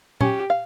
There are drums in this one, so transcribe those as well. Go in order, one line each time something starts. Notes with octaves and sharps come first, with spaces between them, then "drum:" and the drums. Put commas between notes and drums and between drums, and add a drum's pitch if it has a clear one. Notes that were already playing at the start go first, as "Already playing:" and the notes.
C#4 G4, drum: tom A#2
F5